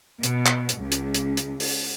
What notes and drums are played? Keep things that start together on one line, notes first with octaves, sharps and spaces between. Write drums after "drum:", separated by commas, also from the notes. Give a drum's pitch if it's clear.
B2, drum: hi-hat
drum: clap
drum: hi-hat
C#2
drum: hi-hat
drum: hi-hat
drum: hi-hat
drum: open hi-hat